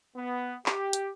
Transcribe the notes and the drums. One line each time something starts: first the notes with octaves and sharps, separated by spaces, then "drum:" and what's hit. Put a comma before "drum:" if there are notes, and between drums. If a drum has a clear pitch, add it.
B3
G4, drum: clap
drum: hi-hat